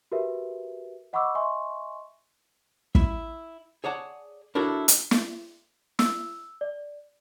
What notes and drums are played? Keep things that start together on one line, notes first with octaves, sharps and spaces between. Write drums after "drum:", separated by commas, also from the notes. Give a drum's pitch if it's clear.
F#4 G4 A#4 B4 E5
D#5 F#5 B5 C#6 D6 E6
D#5 E5 G#5 C6 C#6
E4 E5, drum: kick
G#4 C#5 D5 F#5 A5
D4 E4 F#4 A4 A#4 C#5
drum: hi-hat
drum: snare
E6, drum: snare
D5